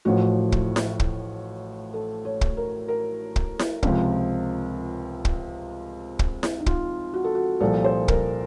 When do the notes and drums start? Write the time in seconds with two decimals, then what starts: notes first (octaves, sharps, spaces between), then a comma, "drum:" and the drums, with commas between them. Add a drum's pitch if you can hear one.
0.05 A1 A2 F3 F#4
0.52 drum: kick
0.76 drum: snare E4
1.00 drum: kick
1.94 A4
2.25 C#5
2.41 drum: kick
2.57 A#4
2.88 A#4
3.36 drum: kick
3.59 drum: snare E4
3.83 C#2 C3 F3, drum: kick
5.25 drum: kick
6.19 drum: kick
6.43 drum: snare E4
6.60 D#4
6.66 F4, drum: kick
7.14 F#4
7.24 A4
7.35 F#4
7.60 C2 A#2 F3 A4
7.84 C5
8.08 A#4, drum: kick